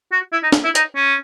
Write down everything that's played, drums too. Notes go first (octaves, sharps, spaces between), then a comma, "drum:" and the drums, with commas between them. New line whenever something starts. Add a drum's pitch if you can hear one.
F#4
E4
D#4
drum: snare
E4
D#4, drum: hi-hat
C#4